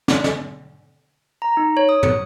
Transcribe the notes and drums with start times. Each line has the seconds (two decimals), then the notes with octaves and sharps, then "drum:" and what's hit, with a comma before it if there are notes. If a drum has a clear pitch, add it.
0.08 drum: snare
0.24 drum: snare
1.42 A#5
1.57 D#4
1.77 C#5
1.89 D#6
2.03 C#7, drum: tom